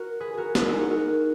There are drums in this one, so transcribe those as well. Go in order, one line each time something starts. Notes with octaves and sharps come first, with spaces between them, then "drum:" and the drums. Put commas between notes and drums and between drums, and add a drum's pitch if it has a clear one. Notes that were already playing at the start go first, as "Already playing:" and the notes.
Already playing: F#4 A#4
G#4 B4
F#4 G#4 A#4
E4 G#4, drum: snare
D#4 F#4
F#4 A#4
F#4 A#4